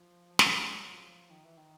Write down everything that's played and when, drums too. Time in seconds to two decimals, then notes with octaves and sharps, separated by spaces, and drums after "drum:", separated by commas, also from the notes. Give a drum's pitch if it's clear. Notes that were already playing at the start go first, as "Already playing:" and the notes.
Already playing: F3
0.39 drum: snare
0.56 F#3
0.65 G#3
0.74 G3
0.84 F#3
0.93 F3
1.30 D#3
1.44 E3
1.57 D#3